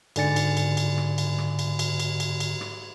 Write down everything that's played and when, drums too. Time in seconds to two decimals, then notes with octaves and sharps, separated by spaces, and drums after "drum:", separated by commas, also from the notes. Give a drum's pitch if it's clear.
0.16 G#2 D3 D5 G#5 A6 C#7, drum: cymbal
0.36 drum: cymbal
0.57 drum: cymbal
0.77 drum: cymbal
0.98 drum: rim click
1.18 drum: cymbal
1.38 drum: rim click
1.59 drum: cymbal
1.79 drum: cymbal
2.00 drum: cymbal
2.20 drum: cymbal
2.40 drum: cymbal
2.61 drum: rim click